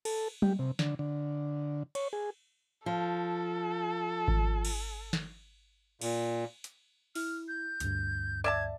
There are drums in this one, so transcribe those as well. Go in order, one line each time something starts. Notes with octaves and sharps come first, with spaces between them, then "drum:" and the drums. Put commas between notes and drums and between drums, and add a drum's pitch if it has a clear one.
A4, drum: cymbal
G4, drum: tom F#3
C3
D3, drum: snare
D3
C#5, drum: cymbal
G#4
F3 A4
drum: kick G#1
drum: cymbal
drum: snare
A#2, drum: cymbal
drum: hi-hat
E4 F6, drum: open hi-hat
G6
D2 G2, drum: hi-hat
D5 E5 A5 G#6